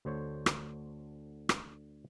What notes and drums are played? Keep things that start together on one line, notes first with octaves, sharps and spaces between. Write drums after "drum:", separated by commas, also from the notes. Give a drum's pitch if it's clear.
D2 D3 C5 C#5
drum: rim click
drum: rim click